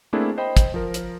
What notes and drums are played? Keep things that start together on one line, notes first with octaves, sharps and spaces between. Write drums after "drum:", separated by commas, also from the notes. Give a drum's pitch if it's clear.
A3 A#3 C4 D4 E4 G#4
C5 D#5 G5 B5
drum: kick, hi-hat
F3 A#4
drum: hi-hat